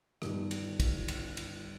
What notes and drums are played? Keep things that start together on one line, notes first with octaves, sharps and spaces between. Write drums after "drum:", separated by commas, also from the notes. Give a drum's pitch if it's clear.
G1 G2 D#3, drum: rim click
drum: cymbal
drum: kick, cymbal
drum: cymbal
drum: cymbal